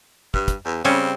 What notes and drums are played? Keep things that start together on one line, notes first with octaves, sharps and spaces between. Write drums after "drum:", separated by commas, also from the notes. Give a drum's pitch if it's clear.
G2, drum: kick
drum: kick, hi-hat
E2
C#3 G3 C4 C#4